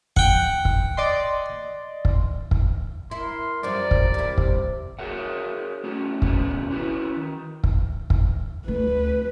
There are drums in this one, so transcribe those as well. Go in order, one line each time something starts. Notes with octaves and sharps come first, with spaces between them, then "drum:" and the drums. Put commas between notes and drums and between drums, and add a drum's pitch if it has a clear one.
F#5 G5, drum: kick
drum: kick
D5 D#5 C6
drum: kick
drum: kick
E4 A#4 C6
F#2 F3 G3 A#4 D5
drum: kick
C3 E4
drum: kick
F#4 G#4 A#4 C#5 E5 F#5
A3 C#4 F#4
B2 D#3 G#3 B3 C#4, drum: kick
C#4 E4 F#4 B4
D#3
drum: kick
drum: kick
D2 B4